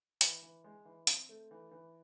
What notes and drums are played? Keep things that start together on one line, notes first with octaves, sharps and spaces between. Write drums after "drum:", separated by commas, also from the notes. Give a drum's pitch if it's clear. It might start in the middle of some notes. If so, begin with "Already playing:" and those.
E3, drum: hi-hat
E3
G#3
E3
C4, drum: hi-hat
A3
E3
E3